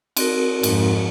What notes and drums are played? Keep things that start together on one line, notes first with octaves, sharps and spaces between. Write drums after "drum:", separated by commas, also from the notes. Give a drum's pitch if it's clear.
C4 F#4 A#4, drum: cymbal
F2 G#2, drum: cymbal